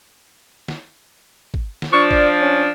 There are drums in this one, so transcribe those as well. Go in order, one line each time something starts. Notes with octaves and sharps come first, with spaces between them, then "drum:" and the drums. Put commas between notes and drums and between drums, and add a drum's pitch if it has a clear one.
drum: snare
drum: kick
drum: snare
F3 D4 C#6
D5, drum: kick
C#4